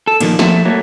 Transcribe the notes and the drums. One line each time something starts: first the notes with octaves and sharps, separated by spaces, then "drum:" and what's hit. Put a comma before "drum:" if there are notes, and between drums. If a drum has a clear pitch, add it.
A4
A#2 D#3 F3 A#3, drum: cymbal
F3 A3 A#3 E5, drum: snare
F#3 A3 A#3